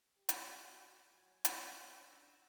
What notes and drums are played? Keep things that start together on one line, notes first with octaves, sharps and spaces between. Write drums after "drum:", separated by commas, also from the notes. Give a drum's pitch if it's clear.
G4
drum: hi-hat
F#4
F#3 G#5
C#4 F#4 C5, drum: hi-hat
D4 A#5 E6